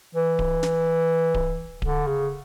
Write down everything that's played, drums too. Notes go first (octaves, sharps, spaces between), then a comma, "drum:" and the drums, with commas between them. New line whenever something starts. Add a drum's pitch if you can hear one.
E3
drum: kick D1
drum: snare
drum: kick D1
D3, drum: kick D1
C#3